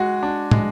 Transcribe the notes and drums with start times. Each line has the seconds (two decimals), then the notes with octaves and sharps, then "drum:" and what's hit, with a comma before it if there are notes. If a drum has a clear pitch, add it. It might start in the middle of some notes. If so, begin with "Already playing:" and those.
Already playing: G#3 F#4
0.23 D4
0.51 G#3, drum: tom